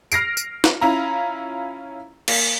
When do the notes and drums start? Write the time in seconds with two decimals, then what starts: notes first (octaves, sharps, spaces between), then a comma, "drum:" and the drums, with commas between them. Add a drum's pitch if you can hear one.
0.12 F6 A#6 C7 D7, drum: tambourine
0.37 drum: tambourine
0.64 drum: snare
0.81 C#4 E4 F4 A#5
2.28 A#3, drum: cymbal